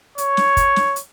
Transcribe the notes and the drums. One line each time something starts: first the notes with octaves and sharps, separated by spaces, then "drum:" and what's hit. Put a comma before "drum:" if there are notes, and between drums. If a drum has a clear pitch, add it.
C#5, drum: hi-hat
drum: snare
drum: kick, hi-hat
drum: snare
drum: hi-hat